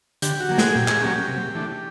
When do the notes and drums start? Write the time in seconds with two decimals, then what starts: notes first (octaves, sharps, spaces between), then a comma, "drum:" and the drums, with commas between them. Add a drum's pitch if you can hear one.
0.22 D3 G4, drum: hi-hat
0.40 F#4
0.49 F#3 A#3
0.58 G#4, drum: snare
0.75 A#2 G4
0.88 G#4, drum: clap
1.01 F#3 A#3 C#4 G4
1.15 G4
1.28 C3
1.55 E3 A3 D4